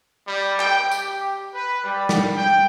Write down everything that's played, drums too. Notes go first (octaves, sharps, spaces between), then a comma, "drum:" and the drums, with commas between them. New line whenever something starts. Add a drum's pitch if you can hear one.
G3
G5, drum: clap
G4, drum: tambourine
B4
G3
drum: snare
G5